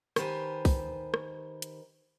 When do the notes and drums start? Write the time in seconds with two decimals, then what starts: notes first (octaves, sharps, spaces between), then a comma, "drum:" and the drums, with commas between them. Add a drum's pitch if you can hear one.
0.16 D#3 G4 B4 C5 F#5 G#5, drum: rim click
0.65 drum: kick, open hi-hat
1.14 drum: rim click
1.62 drum: hi-hat